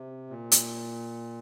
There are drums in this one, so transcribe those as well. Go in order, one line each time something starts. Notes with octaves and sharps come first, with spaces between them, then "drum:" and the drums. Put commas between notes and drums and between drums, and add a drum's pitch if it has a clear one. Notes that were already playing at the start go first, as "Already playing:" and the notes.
Already playing: C3
A#2
drum: hi-hat